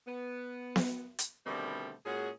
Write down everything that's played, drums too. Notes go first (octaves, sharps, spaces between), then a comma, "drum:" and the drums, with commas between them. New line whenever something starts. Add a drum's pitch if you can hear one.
B3
drum: snare B3
drum: hi-hat
B2 D3 D#3 G3 A3 C4
A#2 G#3 C#4 F#4 G#4